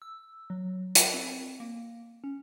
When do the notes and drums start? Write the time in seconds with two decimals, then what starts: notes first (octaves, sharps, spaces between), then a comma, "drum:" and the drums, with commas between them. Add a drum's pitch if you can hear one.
0.02 E6
0.50 F#3
0.95 E5, drum: hi-hat
1.14 C4
1.60 A#3
2.24 C#4